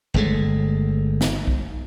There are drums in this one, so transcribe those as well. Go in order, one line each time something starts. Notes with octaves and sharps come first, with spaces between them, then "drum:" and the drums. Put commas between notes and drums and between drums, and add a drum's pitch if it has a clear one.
G1 G#3 A3
drum: snare
drum: kick B1